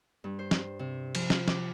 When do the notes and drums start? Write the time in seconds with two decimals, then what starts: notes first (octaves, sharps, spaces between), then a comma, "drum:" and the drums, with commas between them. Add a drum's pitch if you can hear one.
0.24 G2
0.39 C5
0.51 drum: snare
0.79 C3
1.15 F3, drum: cymbal
1.30 F4, drum: snare
1.48 D6, drum: snare